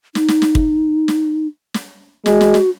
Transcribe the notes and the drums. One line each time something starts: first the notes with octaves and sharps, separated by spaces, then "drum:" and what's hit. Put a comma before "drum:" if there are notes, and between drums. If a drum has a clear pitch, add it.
D#4, drum: snare
drum: snare
drum: snare
drum: kick
drum: snare
drum: snare
G#3 F#4, drum: snare
drum: snare
drum: snare